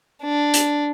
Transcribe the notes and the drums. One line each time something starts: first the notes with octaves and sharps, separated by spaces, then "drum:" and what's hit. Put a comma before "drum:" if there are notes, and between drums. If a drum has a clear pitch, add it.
D4
drum: hi-hat